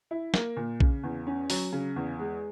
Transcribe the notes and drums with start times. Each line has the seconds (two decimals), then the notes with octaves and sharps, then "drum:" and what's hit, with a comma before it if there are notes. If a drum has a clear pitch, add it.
0.11 E4
0.34 A#3, drum: snare
0.56 A#2
0.80 C#3, drum: kick
1.03 E2
1.27 C#4
1.50 F#3, drum: open hi-hat
1.72 C#3
1.96 E2
2.19 G#3